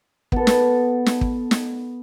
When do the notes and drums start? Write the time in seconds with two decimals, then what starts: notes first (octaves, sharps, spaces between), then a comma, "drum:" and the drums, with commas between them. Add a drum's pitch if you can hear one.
0.32 B3 A4, drum: kick
0.47 drum: snare
1.06 drum: snare
1.21 drum: kick
1.51 drum: snare